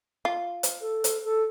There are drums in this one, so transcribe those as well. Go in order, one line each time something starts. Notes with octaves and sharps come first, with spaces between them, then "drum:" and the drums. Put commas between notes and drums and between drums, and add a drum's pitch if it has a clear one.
F4
drum: hi-hat
A4
drum: hi-hat
A4